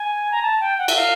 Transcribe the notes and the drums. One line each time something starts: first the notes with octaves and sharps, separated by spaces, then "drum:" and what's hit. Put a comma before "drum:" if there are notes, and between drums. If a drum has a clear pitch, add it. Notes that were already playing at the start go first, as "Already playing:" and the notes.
Already playing: G#5
A#5
A5
G5
F#5
E5, drum: cymbal
F5